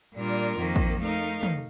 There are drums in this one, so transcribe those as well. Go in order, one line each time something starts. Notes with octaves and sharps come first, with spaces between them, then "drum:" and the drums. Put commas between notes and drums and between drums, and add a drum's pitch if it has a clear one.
A#2 G3 D4 F4 A#4
F2 D#3 A#3
drum: kick
A3 D#4 A#4 F5
drum: tom